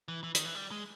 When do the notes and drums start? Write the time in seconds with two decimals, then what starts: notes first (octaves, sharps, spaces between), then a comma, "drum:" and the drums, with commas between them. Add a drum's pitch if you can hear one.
0.08 E3
0.24 E3
0.35 D#3, drum: hi-hat
0.45 E3
0.55 G3
0.71 G#3